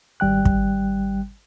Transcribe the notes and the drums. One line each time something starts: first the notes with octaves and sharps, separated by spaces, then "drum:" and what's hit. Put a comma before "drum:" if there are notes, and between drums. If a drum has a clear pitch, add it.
G#1 G3 G5 F#6
drum: kick